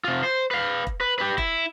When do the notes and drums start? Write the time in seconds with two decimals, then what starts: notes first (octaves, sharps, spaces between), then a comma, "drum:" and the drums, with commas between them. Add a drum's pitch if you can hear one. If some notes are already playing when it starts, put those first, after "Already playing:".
0.04 C3 F4
0.24 C5
0.51 B4 F5
0.87 drum: kick E1
1.00 B4
1.19 G4 B4
1.38 E4, drum: kick E1